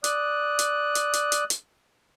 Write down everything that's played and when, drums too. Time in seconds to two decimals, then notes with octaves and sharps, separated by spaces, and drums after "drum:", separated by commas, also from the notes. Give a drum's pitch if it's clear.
0.04 D5 D#6 F#6, drum: hi-hat
0.59 drum: hi-hat
0.95 drum: hi-hat
1.13 drum: hi-hat
1.32 drum: hi-hat
1.50 drum: hi-hat